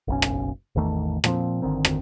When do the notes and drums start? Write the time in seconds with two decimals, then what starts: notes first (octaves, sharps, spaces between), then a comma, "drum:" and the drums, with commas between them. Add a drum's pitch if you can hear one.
0.08 F#1 B1 C#4
0.22 drum: rim click
0.75 A1 E2 D#3 A3
1.24 A#2 F3 C4, drum: rim click
1.62 G1 D3 D#3 C4
1.85 drum: rim click